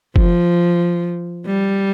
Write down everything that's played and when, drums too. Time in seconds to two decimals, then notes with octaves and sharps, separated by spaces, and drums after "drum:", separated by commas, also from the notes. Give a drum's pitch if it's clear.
0.16 F3, drum: kick F#1
1.46 G3